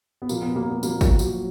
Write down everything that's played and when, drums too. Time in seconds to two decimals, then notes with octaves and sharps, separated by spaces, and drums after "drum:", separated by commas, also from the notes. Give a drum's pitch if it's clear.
0.22 B3
0.29 A#2 F3 A#3, drum: tambourine
0.42 B3
0.56 A#3
0.70 B3
0.83 A#2 F3 A#3, drum: tambourine
1.01 A#3, drum: kick, tambourine
1.19 F#3 F#4, drum: tambourine